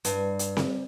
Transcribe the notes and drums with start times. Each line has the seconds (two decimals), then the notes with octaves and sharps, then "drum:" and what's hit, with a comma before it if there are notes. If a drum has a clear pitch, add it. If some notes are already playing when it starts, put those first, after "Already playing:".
0.05 G2, drum: hi-hat
0.39 drum: hi-hat
0.57 drum: snare C4